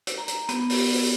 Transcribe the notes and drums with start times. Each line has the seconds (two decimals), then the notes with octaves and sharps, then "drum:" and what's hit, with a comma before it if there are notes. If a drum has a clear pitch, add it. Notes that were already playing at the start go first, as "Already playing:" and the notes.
0.07 drum: hi-hat
0.18 A#5
0.28 drum: hi-hat
0.49 B3, drum: hi-hat
0.70 drum: open hi-hat
0.90 drum: open hi-hat